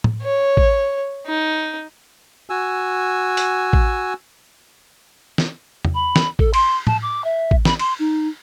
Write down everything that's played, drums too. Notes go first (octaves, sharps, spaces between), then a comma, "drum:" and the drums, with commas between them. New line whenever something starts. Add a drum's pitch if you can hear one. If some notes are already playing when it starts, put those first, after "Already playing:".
drum: tom
C#5
drum: kick A1
D#4
F#4 G#5 E6
drum: hi-hat
drum: kick A1
drum: snare
drum: tom E2
B5
drum: snare
A4, drum: kick A1
C6, drum: cymbal
A5, drum: tom
D6
E5
drum: kick A1
B5, drum: snare
C6, drum: cymbal
D#4